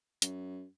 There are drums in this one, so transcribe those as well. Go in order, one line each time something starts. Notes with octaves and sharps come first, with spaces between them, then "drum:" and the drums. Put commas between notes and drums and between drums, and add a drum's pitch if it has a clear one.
F#2, drum: hi-hat